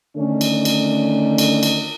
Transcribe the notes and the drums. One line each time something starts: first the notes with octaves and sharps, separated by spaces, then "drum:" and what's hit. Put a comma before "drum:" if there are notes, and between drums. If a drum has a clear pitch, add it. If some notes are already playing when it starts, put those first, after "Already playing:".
D3 D#3 A3 C#4 D4
drum: cymbal
drum: cymbal
drum: cymbal
drum: cymbal